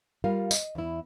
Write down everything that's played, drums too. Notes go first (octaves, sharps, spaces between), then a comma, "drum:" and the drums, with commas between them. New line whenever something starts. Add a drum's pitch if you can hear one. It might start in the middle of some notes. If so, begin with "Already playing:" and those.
G3 F4 A#4 F5
D#5, drum: tambourine
E2 E4